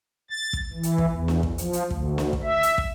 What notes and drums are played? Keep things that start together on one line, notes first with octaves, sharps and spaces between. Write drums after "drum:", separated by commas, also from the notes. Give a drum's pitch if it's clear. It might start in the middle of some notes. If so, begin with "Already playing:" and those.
A6
drum: kick
E3
drum: hi-hat
drum: kick
E2
drum: snare
drum: kick
F3, drum: hi-hat
drum: hi-hat
D2, drum: kick
drum: snare
drum: kick
E5
drum: hi-hat
drum: kick